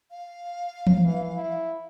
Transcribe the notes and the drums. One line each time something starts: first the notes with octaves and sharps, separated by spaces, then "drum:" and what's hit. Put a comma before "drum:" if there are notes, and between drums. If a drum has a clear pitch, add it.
F5
drum: tom E3
E3
E4